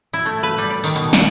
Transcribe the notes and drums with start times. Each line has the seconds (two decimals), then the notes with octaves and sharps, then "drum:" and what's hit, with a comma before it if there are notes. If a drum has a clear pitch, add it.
0.13 E4
0.26 A3
0.43 B4
0.58 G3
0.70 D5
0.84 D#3, drum: tambourine
0.96 B2, drum: tambourine
1.13 F#5, drum: snare